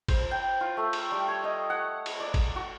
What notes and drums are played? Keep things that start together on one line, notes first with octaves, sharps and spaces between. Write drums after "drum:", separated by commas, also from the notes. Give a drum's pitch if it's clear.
C5, drum: kick, cymbal
G5
F4
A3
drum: cymbal
G3
C#5
D#5
F#5
drum: cymbal
D5
drum: kick, cymbal
F#4